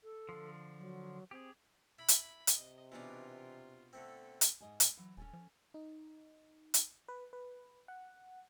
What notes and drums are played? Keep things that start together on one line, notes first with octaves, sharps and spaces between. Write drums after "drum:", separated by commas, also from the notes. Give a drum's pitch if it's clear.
A4
D3 F3
F#3
C4 G4 G#4
E4 B5
drum: hi-hat
drum: hi-hat
C3 D#5
B2 E3 B3 D4 D#4 F4
D3 A3 C4 A4
drum: hi-hat
G#2 D#5 G#5
drum: hi-hat
E3 F#3
D#1 C#4 A4 G#5
F3
D#4
drum: hi-hat
B4
B4
F#5